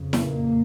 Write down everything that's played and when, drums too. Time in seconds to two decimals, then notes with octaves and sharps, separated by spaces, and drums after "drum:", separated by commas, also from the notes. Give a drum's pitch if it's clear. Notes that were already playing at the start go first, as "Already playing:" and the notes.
Already playing: F2 C#3
0.13 A#2 A#3, drum: snare E4